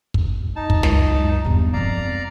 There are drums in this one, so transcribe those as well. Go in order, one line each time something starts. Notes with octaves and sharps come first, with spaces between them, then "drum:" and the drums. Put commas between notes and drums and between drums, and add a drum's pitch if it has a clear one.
drum: kick
D#4 A5
drum: kick
C#2 F#2, drum: snare
E2 G2
F2 G#3 D5 F5 A#5